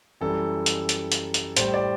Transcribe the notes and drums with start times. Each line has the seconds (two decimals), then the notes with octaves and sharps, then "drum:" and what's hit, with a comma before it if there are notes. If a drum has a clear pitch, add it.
0.21 F#2 E3 G3 A4
0.66 drum: hi-hat
0.89 drum: hi-hat
1.12 drum: hi-hat
1.34 drum: hi-hat
1.57 A2 G3 C5, drum: hi-hat
1.74 D5